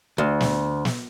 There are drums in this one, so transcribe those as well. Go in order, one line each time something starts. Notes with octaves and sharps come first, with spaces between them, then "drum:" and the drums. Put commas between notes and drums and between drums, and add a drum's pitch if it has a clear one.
D2
drum: snare
drum: snare